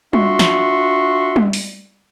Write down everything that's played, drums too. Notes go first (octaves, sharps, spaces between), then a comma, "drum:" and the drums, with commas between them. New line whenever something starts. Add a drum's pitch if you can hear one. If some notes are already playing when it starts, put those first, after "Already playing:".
D4 F4 F#4 E5 C6 C#6, drum: tom G3
drum: snare
drum: tom G3
drum: open hi-hat